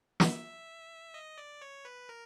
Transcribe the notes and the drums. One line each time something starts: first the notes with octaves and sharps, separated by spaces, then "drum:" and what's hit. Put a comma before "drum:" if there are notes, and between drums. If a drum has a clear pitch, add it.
E5, drum: snare
D#5
D5
C#5
B4
A#4